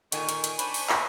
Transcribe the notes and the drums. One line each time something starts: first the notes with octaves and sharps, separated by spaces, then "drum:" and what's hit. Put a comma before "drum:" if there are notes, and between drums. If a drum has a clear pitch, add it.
A#2 D3 D#3 G#5 C#6, drum: hi-hat
drum: hi-hat
drum: hi-hat
D4 C5 B5, drum: hi-hat
drum: open hi-hat
drum: clap